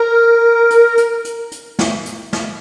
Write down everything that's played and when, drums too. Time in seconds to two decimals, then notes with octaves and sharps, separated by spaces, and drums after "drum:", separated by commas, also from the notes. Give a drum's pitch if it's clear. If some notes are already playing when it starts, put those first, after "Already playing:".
Already playing: A#4
0.70 drum: hi-hat
0.97 drum: hi-hat
1.25 drum: hi-hat
1.52 drum: hi-hat
1.79 drum: snare
2.06 drum: hi-hat
2.33 drum: snare